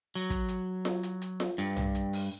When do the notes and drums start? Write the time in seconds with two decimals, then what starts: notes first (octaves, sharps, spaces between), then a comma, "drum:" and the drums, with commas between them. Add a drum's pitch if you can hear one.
0.15 F#3
0.30 drum: kick, hi-hat
0.48 drum: hi-hat
0.85 drum: snare F4
1.03 drum: hi-hat
1.22 drum: hi-hat
1.40 drum: snare F4
1.58 G2, drum: hi-hat
1.76 drum: tom B1
1.95 drum: hi-hat
2.13 drum: open hi-hat